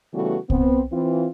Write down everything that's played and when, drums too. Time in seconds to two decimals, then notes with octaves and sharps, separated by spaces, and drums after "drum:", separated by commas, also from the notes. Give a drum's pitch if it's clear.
0.13 C#3 E3 G3 A3 B3 F#4
0.50 B3 C4, drum: kick C2
0.92 E3 C4 F4